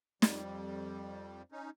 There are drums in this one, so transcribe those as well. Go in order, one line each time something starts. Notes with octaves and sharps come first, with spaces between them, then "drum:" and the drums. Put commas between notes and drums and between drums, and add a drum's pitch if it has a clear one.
F2 G3, drum: snare
C#4 D#4